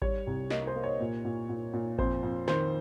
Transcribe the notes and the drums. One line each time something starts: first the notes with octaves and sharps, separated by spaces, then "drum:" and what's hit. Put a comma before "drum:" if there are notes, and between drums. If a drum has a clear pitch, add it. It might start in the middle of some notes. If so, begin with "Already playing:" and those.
G3 C#5, drum: kick G#1
C2
A#3 D#5, drum: snare
C5
A#3
C#5
A#2
A#2
A#2
A#2
F2 C5, drum: kick G#1
F2
D#3 C5, drum: snare